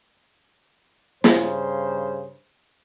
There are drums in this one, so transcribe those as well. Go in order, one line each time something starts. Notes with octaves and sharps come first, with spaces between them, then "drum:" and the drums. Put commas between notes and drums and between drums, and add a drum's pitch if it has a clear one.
G2 C#3 C5, drum: snare